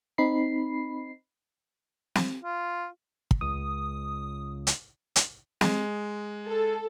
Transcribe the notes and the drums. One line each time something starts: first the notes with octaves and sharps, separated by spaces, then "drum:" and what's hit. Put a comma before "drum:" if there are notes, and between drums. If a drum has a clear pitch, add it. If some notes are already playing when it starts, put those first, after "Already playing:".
C4 D#4 B5 C7
drum: snare
F4
drum: kick
C#2 D#6
drum: hi-hat
drum: hi-hat
G#3, drum: snare
A4